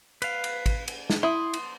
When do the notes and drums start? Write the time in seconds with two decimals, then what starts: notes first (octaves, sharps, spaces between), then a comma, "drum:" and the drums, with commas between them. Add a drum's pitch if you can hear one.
0.22 B4 F5, drum: cymbal
0.44 drum: cymbal
0.66 drum: kick G#1, cymbal
0.88 drum: cymbal
1.10 drum: snare
1.23 E4 C6 D#6
1.53 drum: cymbal